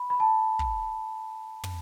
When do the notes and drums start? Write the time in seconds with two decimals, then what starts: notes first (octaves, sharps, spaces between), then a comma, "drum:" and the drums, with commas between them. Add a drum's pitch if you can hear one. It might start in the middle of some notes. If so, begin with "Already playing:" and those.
Already playing: B5
0.10 B5
0.20 A5
0.59 drum: kick
1.64 drum: tom